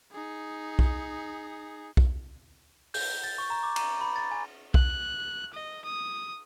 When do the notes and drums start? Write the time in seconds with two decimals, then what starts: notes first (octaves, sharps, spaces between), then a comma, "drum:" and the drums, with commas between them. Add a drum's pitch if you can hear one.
0.12 D#4 G#4
0.79 drum: kick B1
1.97 drum: kick B1
2.94 G6, drum: open hi-hat
3.24 A6
3.38 C#6
3.50 A#5
3.63 D6
3.76 A#5, drum: cymbal
4.01 B5
4.16 A6
4.31 G#5
4.74 F#6, drum: kick B1
5.54 D#5
5.85 D#6